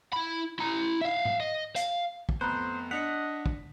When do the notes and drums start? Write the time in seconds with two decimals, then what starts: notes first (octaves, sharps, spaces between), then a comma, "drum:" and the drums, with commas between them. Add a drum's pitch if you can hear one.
0.13 E4 B5
0.59 E4 A#5
1.01 E5 F5
1.25 drum: tom G#2
1.40 D#5
1.76 F5, drum: hi-hat
2.29 drum: kick
2.41 F2 A3 B3 C5 A#5 B5 F#6
2.91 D4 D#5 F#5 B6 C#7 F7
3.46 drum: kick